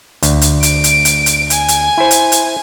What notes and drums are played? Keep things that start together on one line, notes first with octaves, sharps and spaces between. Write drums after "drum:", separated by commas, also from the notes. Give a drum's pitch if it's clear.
D2, drum: hi-hat
drum: hi-hat
D7, drum: hi-hat
drum: hi-hat
drum: hi-hat
drum: hi-hat
G#5, drum: hi-hat
drum: hi-hat
E4 C5
drum: hi-hat
drum: hi-hat